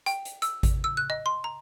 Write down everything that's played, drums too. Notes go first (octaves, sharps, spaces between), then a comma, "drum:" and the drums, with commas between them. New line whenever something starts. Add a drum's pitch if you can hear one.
G5, drum: hi-hat
drum: hi-hat
E6, drum: hi-hat
drum: kick G#1, hi-hat
E6
F#6
D#5
C6
A#5